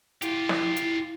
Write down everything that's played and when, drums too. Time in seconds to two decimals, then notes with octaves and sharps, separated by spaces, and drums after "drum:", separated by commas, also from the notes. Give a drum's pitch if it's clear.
0.22 E4 F4 G4, drum: hi-hat
0.49 drum: snare
0.77 drum: hi-hat